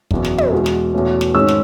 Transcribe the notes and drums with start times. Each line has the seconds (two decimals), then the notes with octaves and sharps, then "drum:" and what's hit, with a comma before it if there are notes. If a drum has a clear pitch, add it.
0.11 F#1 E2 B2, drum: kick
0.25 drum: snare
0.38 drum: tom
0.52 E2 B2 G#3
0.66 drum: snare
0.94 E2 B2 A3 C#4
1.21 drum: snare
1.35 G#2 D#3 G#3 C#4 E6
1.48 drum: snare